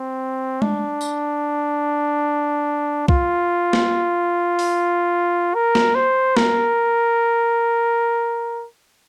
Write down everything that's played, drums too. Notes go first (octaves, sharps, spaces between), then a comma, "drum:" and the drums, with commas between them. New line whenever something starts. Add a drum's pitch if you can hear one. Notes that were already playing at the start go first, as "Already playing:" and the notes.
Already playing: C4
D4, drum: tom G#3
drum: tambourine
F4, drum: kick
drum: snare
drum: open hi-hat
A#4
drum: snare
C5
A#4, drum: snare